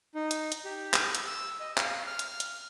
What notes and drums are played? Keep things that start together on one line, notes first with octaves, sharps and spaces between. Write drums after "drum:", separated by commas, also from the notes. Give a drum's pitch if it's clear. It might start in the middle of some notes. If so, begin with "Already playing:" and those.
D#4
drum: hi-hat
drum: hi-hat
G4
drum: clap
drum: hi-hat
E6
D#5
F5, drum: clap
F6
drum: hi-hat
drum: hi-hat